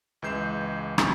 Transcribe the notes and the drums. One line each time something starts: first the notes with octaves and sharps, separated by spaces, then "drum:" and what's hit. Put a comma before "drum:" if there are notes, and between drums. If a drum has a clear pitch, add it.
C#2 E3 G#3 G6 C7 E7
drum: rim click